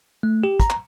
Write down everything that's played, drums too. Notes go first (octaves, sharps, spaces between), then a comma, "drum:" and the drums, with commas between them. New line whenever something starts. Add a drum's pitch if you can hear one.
A3
G4
A#5, drum: kick, hi-hat
drum: clap